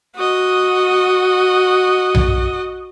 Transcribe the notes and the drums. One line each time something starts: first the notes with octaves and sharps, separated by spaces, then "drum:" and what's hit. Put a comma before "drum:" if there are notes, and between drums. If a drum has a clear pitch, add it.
F#4 D#5
drum: tom B1